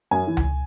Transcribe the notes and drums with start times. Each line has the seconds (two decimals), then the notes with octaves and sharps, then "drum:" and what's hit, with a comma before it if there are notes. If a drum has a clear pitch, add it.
0.11 F#2 G#5
0.27 E3
0.37 drum: tom C#2